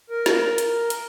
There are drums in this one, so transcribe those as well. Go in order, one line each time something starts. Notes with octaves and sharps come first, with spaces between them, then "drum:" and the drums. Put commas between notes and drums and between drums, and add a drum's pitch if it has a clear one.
A#4
drum: snare
drum: hi-hat
drum: hi-hat